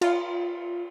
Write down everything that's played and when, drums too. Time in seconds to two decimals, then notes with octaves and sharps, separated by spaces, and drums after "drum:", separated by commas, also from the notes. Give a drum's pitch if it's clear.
0.01 F4, drum: cymbal